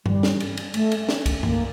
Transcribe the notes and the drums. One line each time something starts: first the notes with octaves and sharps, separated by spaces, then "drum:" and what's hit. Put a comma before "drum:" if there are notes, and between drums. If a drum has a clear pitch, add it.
G3, drum: tom G2
drum: snare
drum: cymbal
drum: cymbal
A3, drum: cymbal
drum: cymbal
drum: snare
drum: kick C2, cymbal
A#3, drum: tom G2